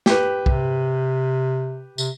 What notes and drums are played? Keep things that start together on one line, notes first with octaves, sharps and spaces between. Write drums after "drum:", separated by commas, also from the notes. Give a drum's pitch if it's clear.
G4 B4, drum: snare
C3, drum: kick
C3, drum: tambourine